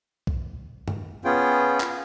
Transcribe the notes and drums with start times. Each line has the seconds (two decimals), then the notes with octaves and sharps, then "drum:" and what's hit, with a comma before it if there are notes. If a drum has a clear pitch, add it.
0.27 drum: kick B1
0.88 drum: tom F#2
1.25 B3 C#4 F4 G#4 G5
1.80 drum: clap